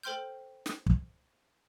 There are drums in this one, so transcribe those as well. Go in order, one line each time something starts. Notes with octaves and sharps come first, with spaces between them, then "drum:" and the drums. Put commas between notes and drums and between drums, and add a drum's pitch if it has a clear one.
A4 C5 G5 C6 F6 G6
drum: snare
drum: kick